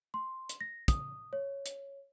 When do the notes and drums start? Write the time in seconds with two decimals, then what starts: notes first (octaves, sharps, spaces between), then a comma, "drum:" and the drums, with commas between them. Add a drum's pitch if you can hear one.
0.14 C6
0.49 drum: hi-hat
0.61 A#6
0.88 D#6, drum: kick, hi-hat
1.33 C#5
1.66 drum: hi-hat